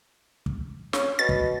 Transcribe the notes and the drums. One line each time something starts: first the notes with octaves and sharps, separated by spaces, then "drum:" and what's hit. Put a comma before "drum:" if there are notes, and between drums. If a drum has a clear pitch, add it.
drum: kick
C#4, drum: snare
B2 A6
drum: kick